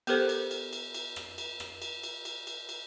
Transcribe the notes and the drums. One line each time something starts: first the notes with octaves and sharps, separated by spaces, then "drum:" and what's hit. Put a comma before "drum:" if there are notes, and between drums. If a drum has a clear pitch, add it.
B3 G4 A4 A#4 C5, drum: cymbal
drum: cymbal
drum: cymbal
drum: cymbal
drum: cymbal
drum: rim click
drum: cymbal
drum: rim click
drum: cymbal
drum: cymbal
drum: cymbal
drum: cymbal
drum: cymbal